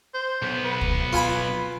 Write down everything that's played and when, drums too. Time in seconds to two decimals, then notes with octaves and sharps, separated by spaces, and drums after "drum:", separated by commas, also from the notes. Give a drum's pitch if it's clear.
0.14 C5
0.42 B1 B3
0.65 B4
0.81 drum: kick
1.13 F4 G#5 B5